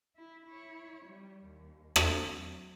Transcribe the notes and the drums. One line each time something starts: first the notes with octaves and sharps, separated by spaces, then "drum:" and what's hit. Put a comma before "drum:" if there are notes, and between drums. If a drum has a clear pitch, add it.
E4
E4 C#5
G3
D#2
C4, drum: rim click
F#3